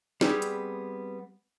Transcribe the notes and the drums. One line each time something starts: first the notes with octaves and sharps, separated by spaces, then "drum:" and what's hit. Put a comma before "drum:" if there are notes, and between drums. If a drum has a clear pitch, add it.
G3 B3 C4 G#4, drum: snare
drum: hi-hat